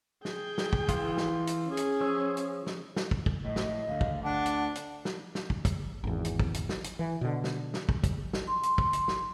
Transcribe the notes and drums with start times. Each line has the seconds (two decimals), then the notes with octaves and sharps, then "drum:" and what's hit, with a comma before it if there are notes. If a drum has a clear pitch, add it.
0.25 G#4 G5, drum: snare
0.58 drum: snare
0.73 drum: kick
0.89 E3 F4, drum: kick, hi-hat
1.17 drum: snare
1.47 drum: hi-hat
1.67 C#4 G#4
1.77 drum: hi-hat
2.01 F3 C#5 E6
2.37 drum: hi-hat
2.67 drum: snare
2.96 drum: snare
3.11 drum: kick
3.26 drum: kick
3.45 A2 D#5
3.56 drum: snare
3.88 D2 D3 F5
4.01 drum: kick
4.23 D4 F#5 D6
4.46 drum: hi-hat
4.75 drum: hi-hat
5.05 drum: snare
5.35 drum: snare
5.50 drum: kick
5.65 drum: kick, hi-hat
6.04 G#1 E2
6.25 drum: hi-hat
6.40 drum: kick
6.54 drum: hi-hat
6.69 drum: snare
6.84 drum: hi-hat
6.99 E3
7.21 B2 D3
7.44 drum: snare
7.74 drum: snare
7.89 drum: kick
8.04 drum: kick, hi-hat
8.33 drum: snare
8.48 C6
8.63 drum: hi-hat
8.78 drum: kick
8.93 drum: hi-hat
9.08 drum: snare